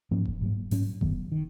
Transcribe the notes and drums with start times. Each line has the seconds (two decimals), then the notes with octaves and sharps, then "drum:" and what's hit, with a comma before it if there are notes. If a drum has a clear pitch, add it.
0.11 G#2 F3 A#3 C#4
0.25 drum: kick E1
0.41 G#2 F#3 A#3
0.71 G#2 F#3 C#4, drum: open hi-hat
1.01 F#2 D#3 F#3 B3, drum: kick E1
1.32 D#3